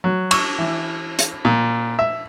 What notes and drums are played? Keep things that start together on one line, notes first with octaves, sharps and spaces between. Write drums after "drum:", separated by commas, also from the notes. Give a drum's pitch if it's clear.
F#3
C#6, drum: cymbal
E3
drum: hi-hat
A#2
E5